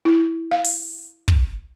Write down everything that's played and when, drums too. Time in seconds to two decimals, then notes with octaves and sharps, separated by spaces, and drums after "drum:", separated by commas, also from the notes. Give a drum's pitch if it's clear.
0.05 E4
0.51 F5
0.65 drum: open hi-hat
1.28 drum: kick